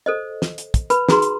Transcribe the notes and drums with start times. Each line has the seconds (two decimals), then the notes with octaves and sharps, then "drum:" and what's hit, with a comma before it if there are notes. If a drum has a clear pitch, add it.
0.06 A4 C5 D#5
0.42 drum: snare
0.58 drum: hi-hat
0.74 drum: kick, hi-hat
0.90 B4 B5, drum: hi-hat
1.09 D#4 F#4 G#4 B4 A#5 C6, drum: snare
1.22 drum: hi-hat